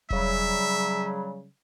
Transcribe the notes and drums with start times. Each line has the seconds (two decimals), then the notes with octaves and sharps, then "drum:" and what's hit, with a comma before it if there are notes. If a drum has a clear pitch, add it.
0.10 C#3 F#3 G3 E5, drum: kick E1